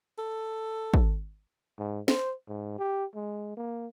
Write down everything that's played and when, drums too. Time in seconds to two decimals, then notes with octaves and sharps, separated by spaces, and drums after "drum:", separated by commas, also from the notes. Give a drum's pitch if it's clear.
0.18 A4
0.94 drum: kick
1.79 G#2
2.08 C5, drum: snare
2.48 G#2
2.78 G4
3.15 G#3
3.57 A#3